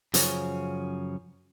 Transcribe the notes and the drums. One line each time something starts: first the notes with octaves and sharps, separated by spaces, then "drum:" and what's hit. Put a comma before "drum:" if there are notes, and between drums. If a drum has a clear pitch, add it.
F#2 C#3 F3 C#4, drum: hi-hat